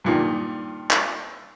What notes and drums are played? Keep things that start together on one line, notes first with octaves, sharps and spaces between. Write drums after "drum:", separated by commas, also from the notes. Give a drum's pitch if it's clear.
G2 A#2 D#3
drum: clap